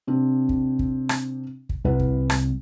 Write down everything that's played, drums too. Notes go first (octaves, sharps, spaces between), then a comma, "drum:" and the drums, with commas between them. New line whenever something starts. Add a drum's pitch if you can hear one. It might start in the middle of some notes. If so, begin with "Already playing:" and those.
C3 C4 D4
drum: kick
drum: kick
drum: rim click
drum: kick
C2 E4 B4 F#5
drum: kick
drum: rim click